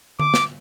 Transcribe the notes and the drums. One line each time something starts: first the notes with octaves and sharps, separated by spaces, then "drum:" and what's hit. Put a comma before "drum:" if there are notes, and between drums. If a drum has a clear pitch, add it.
D6, drum: tom D3
drum: snare